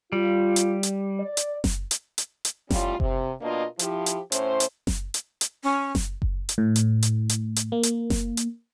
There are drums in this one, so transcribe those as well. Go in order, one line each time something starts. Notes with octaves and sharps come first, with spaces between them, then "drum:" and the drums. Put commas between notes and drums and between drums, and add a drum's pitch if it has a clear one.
G3 F4
drum: hi-hat
drum: hi-hat
D5
drum: hi-hat
drum: snare F#1
drum: hi-hat
drum: hi-hat
drum: hi-hat
A2 G3 C#4 F4, drum: snare F#1
C3, drum: kick F#1
B2 A#3 D4 F4 A#4 D#5
F3 E4 G4, drum: hi-hat
drum: hi-hat
A2 C#4 E4 C5, drum: hi-hat
drum: hi-hat
drum: snare F#1
drum: hi-hat
drum: hi-hat
C#4
drum: snare F#1
drum: kick F#1
drum: hi-hat
A2
drum: hi-hat
drum: hi-hat
drum: hi-hat
drum: hi-hat
A#3
drum: hi-hat
drum: snare F#1
drum: hi-hat